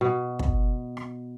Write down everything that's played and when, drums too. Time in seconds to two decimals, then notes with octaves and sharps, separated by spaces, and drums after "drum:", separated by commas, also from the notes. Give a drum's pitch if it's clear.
0.01 B2
0.39 drum: kick
0.97 drum: rim click